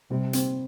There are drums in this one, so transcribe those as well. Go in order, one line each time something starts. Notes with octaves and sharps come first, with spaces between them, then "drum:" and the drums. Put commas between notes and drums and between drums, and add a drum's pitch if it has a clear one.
C3 G3
C4, drum: hi-hat